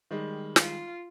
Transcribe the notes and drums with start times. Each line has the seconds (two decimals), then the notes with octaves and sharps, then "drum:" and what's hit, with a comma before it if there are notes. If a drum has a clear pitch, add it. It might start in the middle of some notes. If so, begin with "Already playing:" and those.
0.11 D#3 G3 G#3
0.56 F4, drum: snare